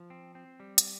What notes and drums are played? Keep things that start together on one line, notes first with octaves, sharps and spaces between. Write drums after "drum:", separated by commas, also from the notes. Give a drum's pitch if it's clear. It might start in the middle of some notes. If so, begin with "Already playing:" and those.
Already playing: F3
C4
C4
G3
drum: hi-hat